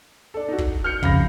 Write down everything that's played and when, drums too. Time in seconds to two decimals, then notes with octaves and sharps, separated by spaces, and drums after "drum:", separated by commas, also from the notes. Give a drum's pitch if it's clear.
0.34 D4 A4
0.49 D#4 F#4
0.58 drum: kick
0.84 F6 G6 C#7
1.03 F2 C#3 F5 B5 A#6, drum: kick